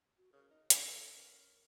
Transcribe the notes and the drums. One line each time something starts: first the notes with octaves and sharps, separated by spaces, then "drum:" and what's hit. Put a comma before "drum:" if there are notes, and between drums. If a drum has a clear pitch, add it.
F#4
C#3 A#4
D#4
C#4 A4, drum: hi-hat
A#4